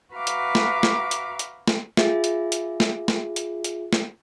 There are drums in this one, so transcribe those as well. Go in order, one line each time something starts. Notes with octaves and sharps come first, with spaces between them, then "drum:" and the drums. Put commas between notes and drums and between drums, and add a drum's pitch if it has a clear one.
F#4 B4 E5 F5 A#5 D6
drum: hi-hat
drum: snare
drum: snare
drum: hi-hat
drum: hi-hat
drum: snare
F4 G#4 E5, drum: snare
drum: hi-hat
drum: hi-hat
drum: snare
drum: snare
drum: hi-hat
drum: hi-hat
drum: snare